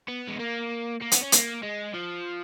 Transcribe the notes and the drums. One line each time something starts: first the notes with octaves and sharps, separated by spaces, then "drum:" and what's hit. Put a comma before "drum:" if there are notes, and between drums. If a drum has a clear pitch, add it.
B3
G#3
A#3
A#3
B3, drum: hi-hat
C#4
A#3, drum: hi-hat
G#3
F3